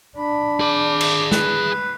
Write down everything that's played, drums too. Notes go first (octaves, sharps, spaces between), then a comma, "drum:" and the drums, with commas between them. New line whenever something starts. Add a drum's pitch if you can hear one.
D4 B5
G#4 B5 D6
drum: cymbal
B4, drum: snare